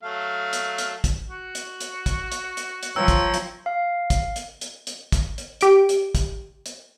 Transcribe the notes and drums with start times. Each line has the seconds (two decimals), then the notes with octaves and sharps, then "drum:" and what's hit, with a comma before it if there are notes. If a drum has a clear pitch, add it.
0.03 F#3 A3 F5
0.53 drum: hi-hat
0.78 drum: hi-hat
1.04 drum: kick, hi-hat
1.29 F#4
1.55 drum: hi-hat
1.81 drum: hi-hat
2.06 drum: kick, hi-hat
2.32 drum: hi-hat
2.57 drum: hi-hat
2.83 drum: hi-hat
2.96 F3 C#5 G5 A#5 E6
3.08 drum: kick, hi-hat
3.34 drum: hi-hat
3.66 F5
4.10 drum: kick, hi-hat
4.36 drum: hi-hat
4.61 drum: hi-hat
4.87 drum: hi-hat
5.12 drum: kick, hi-hat
5.38 drum: hi-hat
5.61 G4 D7, drum: hi-hat
5.89 drum: hi-hat
6.15 drum: kick, hi-hat
6.66 drum: hi-hat